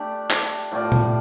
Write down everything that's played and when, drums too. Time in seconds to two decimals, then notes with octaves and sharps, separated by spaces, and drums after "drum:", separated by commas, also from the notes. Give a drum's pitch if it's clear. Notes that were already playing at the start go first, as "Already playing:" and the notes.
Already playing: A3 D4 G4 D5
0.30 drum: clap
0.72 A2 A3 F4 D5
0.92 drum: tom A#2